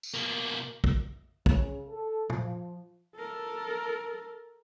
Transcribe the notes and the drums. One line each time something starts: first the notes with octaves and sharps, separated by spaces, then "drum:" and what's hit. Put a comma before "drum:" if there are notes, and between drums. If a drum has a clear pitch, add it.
drum: tambourine
B2 A#3
drum: kick
C#3, drum: kick
A4
F3, drum: tom A#2
A4 A#4